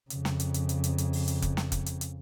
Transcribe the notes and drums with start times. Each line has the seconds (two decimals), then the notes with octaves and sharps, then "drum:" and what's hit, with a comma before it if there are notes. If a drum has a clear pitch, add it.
0.10 F2 C#3, drum: hi-hat
0.25 drum: snare
0.40 drum: hi-hat
0.54 drum: hi-hat
0.69 drum: hi-hat
0.84 drum: hi-hat
0.98 drum: hi-hat
1.13 drum: open hi-hat
1.28 drum: hi-hat
1.42 drum: kick F1, hi-hat
1.57 drum: snare
1.72 drum: kick F1, hi-hat
1.86 drum: hi-hat
2.01 drum: hi-hat